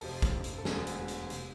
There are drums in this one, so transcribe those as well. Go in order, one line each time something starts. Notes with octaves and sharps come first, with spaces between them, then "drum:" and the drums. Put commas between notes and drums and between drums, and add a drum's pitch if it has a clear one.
F1 F2 C3 F3 A4, drum: open hi-hat
drum: kick, hi-hat
drum: hi-hat
A4
E1 D2 D3 G#4, drum: snare
drum: hi-hat
drum: hi-hat
C3, drum: hi-hat